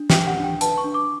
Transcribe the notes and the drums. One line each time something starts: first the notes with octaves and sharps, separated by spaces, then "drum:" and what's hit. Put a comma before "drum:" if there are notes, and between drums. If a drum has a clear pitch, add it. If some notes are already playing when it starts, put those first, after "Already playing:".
Already playing: D4
G5, drum: snare
G4
F#5
D4
G5
B4 A5, drum: hi-hat
C#6
D4
D6